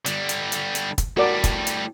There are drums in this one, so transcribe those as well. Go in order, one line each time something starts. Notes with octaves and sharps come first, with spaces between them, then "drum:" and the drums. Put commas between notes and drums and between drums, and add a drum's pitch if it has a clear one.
D3 G3, drum: hi-hat
drum: hi-hat
drum: hi-hat
drum: hi-hat
drum: kick, hi-hat
A2 G3 F#4 A#4 D5
drum: kick, hi-hat
drum: hi-hat